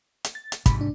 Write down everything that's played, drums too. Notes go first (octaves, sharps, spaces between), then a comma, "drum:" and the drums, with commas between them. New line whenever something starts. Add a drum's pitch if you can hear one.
drum: hi-hat
A6
drum: hi-hat
G#2 C3 B5, drum: kick, hi-hat
D4